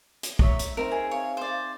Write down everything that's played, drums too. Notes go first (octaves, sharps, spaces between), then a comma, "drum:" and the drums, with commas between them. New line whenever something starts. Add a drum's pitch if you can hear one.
drum: hi-hat
D#4 C#5 E5, drum: kick
drum: hi-hat
C4 D#4 A#4 E5
G#4
C#5 F5
C5 D5